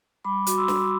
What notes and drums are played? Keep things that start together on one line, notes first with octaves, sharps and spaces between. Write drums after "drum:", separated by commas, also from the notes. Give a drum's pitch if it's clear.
G3 B5 D6
F#4 D6, drum: hi-hat
C6 E6
G3, drum: snare